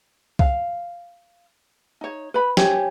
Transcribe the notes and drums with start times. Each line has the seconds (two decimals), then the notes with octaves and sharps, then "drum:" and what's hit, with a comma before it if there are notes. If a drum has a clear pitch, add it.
0.39 F5, drum: kick C2
2.01 D#4 C#5
2.34 B4 B5
2.57 G4 C#5 G#5, drum: snare